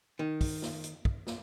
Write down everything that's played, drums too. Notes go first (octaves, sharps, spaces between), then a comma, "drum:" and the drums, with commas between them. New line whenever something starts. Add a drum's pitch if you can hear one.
D#3
drum: kick, open hi-hat
drum: snare
drum: hi-hat
drum: kick
drum: snare